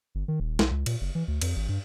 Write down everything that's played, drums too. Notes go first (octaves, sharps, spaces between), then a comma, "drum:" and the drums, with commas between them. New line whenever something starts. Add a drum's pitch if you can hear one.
G1
D#3
D#1
B1, drum: snare
C#2
A#2, drum: cymbal
F#1
E3
D2
F2, drum: cymbal
G#1
G2